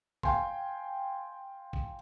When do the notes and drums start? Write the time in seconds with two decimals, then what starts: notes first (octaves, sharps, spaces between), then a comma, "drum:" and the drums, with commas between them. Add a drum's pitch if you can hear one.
0.23 F5 G5 G#5 C6, drum: kick
1.73 drum: kick